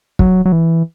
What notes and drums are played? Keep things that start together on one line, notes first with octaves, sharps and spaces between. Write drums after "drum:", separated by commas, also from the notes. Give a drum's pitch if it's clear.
F#3, drum: kick
F#3
E3